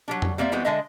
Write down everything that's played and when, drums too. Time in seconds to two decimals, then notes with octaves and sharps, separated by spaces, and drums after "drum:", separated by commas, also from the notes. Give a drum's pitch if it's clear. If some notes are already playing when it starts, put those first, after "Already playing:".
0.08 F#3 G3 D4
0.22 drum: tom F2
0.38 G3 A#3 C4 D5 E5
0.52 E3 G3 G#3 B3 C4 F#4
0.65 D3 G#3 D4 D#5 E5